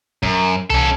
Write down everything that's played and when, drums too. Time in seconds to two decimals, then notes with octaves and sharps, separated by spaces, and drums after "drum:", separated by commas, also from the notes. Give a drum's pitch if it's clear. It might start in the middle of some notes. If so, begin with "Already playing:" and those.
0.23 F#2, drum: kick
0.70 C#4 A4, drum: tom C2